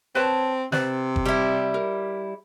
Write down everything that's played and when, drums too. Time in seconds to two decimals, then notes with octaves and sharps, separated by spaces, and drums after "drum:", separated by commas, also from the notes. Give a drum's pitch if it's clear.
0.15 C4 B4 C#5 A5
0.72 C3 B4 C5 D5, drum: snare
1.16 drum: kick F#1
1.26 G3 E4
1.74 A#4